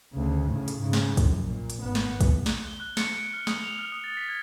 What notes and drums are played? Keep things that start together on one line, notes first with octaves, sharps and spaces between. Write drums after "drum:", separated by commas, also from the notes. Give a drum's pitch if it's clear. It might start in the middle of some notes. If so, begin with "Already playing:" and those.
D2 C#3
A2 C#3
drum: hi-hat
G#2 C#3
drum: snare
A#1 F#2, drum: kick, hi-hat
A#2
drum: hi-hat
G#1 B3
drum: snare
drum: kick, hi-hat
drum: snare
G7
F#6
C#7, drum: snare
D7
F6
D#6, drum: snare
F7
F6
D#6
A6
B6
G#6